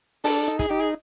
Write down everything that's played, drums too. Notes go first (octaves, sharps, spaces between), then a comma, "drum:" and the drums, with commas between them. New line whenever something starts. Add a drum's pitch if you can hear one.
D4 A4, drum: open hi-hat
D#4
G#4, drum: kick, hi-hat
D#4 G4
G#4